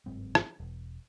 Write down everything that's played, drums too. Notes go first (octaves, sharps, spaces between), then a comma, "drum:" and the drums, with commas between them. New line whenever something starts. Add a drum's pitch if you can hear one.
G1 G#2 F#3 C4
drum: rim click
E1